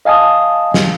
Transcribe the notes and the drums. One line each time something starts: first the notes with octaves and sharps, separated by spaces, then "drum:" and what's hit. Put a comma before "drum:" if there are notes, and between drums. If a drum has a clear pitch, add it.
D#5 F5 G#5 A5 D#6
drum: snare